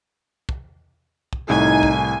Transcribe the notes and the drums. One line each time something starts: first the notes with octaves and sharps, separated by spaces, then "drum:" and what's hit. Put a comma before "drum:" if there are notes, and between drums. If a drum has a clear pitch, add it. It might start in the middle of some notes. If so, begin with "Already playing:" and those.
drum: kick
drum: kick
C2 A2 D#4 G#5
drum: kick